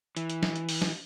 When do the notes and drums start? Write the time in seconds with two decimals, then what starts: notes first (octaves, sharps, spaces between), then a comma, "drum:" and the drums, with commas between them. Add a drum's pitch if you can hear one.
0.17 E3, drum: hi-hat
0.30 drum: hi-hat
0.43 drum: snare
0.56 drum: hi-hat
0.69 drum: open hi-hat
0.82 drum: snare